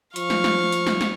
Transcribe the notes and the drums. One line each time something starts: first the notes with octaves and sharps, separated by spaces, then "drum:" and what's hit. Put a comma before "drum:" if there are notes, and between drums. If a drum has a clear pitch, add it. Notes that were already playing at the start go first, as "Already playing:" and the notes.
F3 F5 C#6, drum: hi-hat
drum: snare
drum: snare
drum: hi-hat
drum: snare
drum: snare